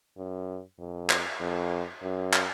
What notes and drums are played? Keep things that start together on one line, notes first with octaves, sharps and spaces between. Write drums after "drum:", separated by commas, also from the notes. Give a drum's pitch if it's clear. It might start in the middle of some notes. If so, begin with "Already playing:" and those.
F#2
F2
drum: clap
F2
F#2
drum: clap